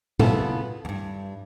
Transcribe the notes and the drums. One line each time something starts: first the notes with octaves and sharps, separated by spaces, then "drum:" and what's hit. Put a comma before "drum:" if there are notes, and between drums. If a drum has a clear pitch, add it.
C#3 B3 E4 F4 A4, drum: tom A#2
E2 G2